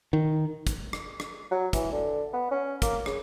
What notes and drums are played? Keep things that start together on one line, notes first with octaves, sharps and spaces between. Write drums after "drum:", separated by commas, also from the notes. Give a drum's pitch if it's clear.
D#3
drum: kick, hi-hat
drum: rim click
drum: rim click
F#3
E3, drum: kick, hi-hat
D3
B3
C#4
A#3, drum: kick, hi-hat
C#3, drum: rim click